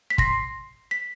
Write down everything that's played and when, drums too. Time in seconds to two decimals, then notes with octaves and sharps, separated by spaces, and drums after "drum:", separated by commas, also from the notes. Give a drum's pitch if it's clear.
0.10 B6
0.18 C6 A#6, drum: kick
0.91 B6